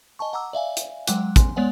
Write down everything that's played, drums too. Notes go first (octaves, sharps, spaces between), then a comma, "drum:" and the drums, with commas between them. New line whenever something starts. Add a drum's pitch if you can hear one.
D#5 G#5 A5 C#6
F#5 A#5 D6 E6
D5 E5 F5 G#5
drum: hi-hat
F#3 G#3 F#5 G5 D6 F#6, drum: hi-hat
G#5 C6, drum: kick, hi-hat
G#3 B3 C#5 D5 F#5 G#5